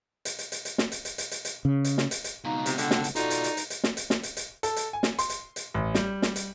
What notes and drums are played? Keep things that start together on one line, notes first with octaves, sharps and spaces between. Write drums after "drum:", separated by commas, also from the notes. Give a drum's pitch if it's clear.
drum: hi-hat
drum: hi-hat
drum: hi-hat
drum: hi-hat
drum: snare
drum: hi-hat
drum: hi-hat
drum: hi-hat
drum: hi-hat
drum: hi-hat
C#3
drum: hi-hat
drum: snare
drum: hi-hat
drum: hi-hat
C#2 B2 D#4 F5 A#5
C3, drum: hi-hat
D3 F#5 G5 A5, drum: hi-hat
drum: snare
drum: hi-hat
B2 D#4 F4 F#4 A4 D5, drum: hi-hat
drum: hi-hat
drum: hi-hat
drum: hi-hat
drum: hi-hat
drum: snare
drum: hi-hat
drum: snare
drum: hi-hat
drum: hi-hat
A4, drum: hi-hat
drum: hi-hat
G#5
drum: snare
C6, drum: hi-hat
drum: hi-hat
drum: hi-hat
A1
G3, drum: snare
drum: snare
drum: hi-hat